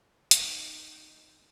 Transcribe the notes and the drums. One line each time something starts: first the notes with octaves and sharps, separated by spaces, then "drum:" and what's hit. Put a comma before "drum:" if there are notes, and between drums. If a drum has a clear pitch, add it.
D#4, drum: hi-hat